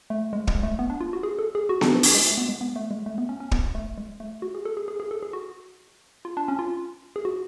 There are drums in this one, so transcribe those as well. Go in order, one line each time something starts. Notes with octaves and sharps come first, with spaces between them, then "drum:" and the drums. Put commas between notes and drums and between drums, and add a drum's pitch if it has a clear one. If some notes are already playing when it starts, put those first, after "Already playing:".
A3
G#3
G#3, drum: kick
A3
B3
D4
F4
F#4
G#4
A4
G#4
F#4
D4, drum: snare B3
D4
D4, drum: open hi-hat
G#3
A3
B3
G#3
B3
A3
G#3
A3
B3
C#4
C#4
B3, drum: kick
A3
G#3
A3
F#4
G#4
A4
G#4
G#4
G#4
A4
G#4
F#4
F4
D4
C#4
F4
G#4
F#4